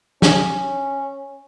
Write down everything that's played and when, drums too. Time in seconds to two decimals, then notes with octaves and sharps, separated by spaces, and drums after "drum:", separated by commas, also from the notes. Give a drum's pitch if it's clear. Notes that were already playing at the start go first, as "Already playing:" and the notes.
0.22 C#4, drum: snare